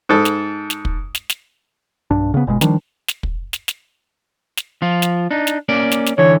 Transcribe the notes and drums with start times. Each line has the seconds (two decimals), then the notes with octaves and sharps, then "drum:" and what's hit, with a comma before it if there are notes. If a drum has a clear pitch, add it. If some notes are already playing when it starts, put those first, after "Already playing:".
0.09 G#2 A4
0.25 drum: snare
0.70 drum: snare
0.85 drum: kick
1.15 drum: snare
1.30 drum: snare
2.11 B1 G2 D4
2.34 C#3 B3
2.47 G1 B2 G#3
2.61 D#3 F3 G3 D4, drum: snare
3.08 drum: snare
3.23 drum: kick
3.53 drum: snare
3.68 drum: snare
4.57 drum: snare
4.82 F3 F4
5.02 drum: snare
5.31 D4 D#4
5.47 drum: snare
5.69 A#3 C#4 D5
5.92 drum: snare
6.06 drum: snare
6.18 D3 E3 C#5